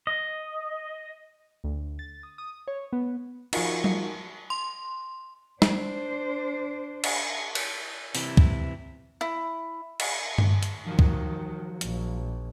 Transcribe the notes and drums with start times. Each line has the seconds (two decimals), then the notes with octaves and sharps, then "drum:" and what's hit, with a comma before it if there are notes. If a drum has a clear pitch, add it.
0.07 D#5
1.64 D2
1.99 A6
2.23 D#6
2.38 D#6
2.68 C#5
2.93 B3
3.53 F3 D#4 F4 F#4 A#4, drum: cymbal
3.84 drum: tom F#3
4.50 C6
5.62 D4 C5, drum: snare
7.04 drum: cymbal
7.55 drum: cymbal
8.15 C3 E3 E4, drum: open hi-hat
8.37 drum: kick
9.21 E4
10.00 drum: cymbal
10.38 drum: tom G2
10.63 drum: hi-hat
10.86 D#3 F3 F#3
10.99 drum: kick
11.81 A#1, drum: hi-hat